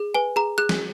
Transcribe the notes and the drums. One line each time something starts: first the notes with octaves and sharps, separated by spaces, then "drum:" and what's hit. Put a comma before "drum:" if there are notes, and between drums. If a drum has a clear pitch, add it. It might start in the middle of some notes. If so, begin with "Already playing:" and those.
Already playing: G#4
B4 G#5
G#4 A#5
G#4 F#6
drum: snare